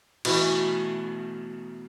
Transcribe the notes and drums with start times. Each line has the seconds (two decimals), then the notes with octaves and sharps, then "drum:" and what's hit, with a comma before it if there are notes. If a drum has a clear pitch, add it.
0.25 B2 E3 A3, drum: cymbal